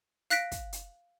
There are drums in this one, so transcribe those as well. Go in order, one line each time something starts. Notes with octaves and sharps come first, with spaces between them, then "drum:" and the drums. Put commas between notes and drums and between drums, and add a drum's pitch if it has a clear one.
F5 F#6 A#6 B6 D7, drum: hi-hat
drum: kick, hi-hat
drum: hi-hat